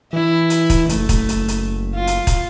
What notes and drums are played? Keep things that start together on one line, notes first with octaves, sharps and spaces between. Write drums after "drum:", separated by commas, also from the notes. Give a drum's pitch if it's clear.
E3 E4
drum: hi-hat
drum: kick, hi-hat
F#1 A3, drum: hi-hat
drum: kick, hi-hat
drum: hi-hat
drum: hi-hat
F4
drum: hi-hat
drum: kick, hi-hat